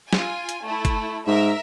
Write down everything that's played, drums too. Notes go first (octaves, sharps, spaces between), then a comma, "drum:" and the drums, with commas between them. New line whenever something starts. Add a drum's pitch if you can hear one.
F4 G#5, drum: snare
drum: hi-hat
A3 E4
drum: kick G1, hi-hat
G#2 A#4 E5